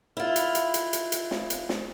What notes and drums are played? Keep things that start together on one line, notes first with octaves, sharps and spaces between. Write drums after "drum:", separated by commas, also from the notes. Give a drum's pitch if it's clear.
E4 F4
drum: hi-hat
drum: hi-hat
drum: hi-hat
drum: hi-hat
drum: hi-hat
drum: snare
drum: hi-hat
drum: snare